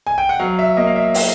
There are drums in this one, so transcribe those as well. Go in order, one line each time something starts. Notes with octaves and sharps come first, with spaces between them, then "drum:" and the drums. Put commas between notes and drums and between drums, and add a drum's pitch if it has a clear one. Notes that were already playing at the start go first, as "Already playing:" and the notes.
G#5
G5
F#5
F#3 F5
E5
A#3 D#5
F5
E5
F5, drum: open hi-hat